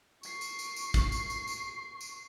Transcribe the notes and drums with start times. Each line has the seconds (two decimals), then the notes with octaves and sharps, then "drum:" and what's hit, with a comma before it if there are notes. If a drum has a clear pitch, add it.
0.23 C#6 C7, drum: tambourine
0.41 drum: tambourine
0.59 drum: tambourine
0.77 drum: tambourine
0.94 drum: kick, tambourine
1.12 drum: tambourine
1.30 drum: tambourine
1.47 drum: tambourine
2.01 drum: tambourine